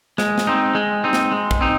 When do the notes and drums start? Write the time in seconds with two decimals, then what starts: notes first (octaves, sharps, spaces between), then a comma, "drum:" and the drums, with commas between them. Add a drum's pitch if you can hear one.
0.18 G#3, drum: snare
0.38 drum: snare
0.47 C4 D#4
0.75 G#3
1.04 C4 D#4
1.13 drum: snare
1.32 G#3
1.51 drum: kick
1.61 C4 D#4